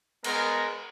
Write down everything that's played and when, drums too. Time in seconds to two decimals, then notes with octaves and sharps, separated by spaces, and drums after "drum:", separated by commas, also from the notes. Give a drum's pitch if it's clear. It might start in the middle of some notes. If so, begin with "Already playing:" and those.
0.24 G#3 B3 A#4, drum: cymbal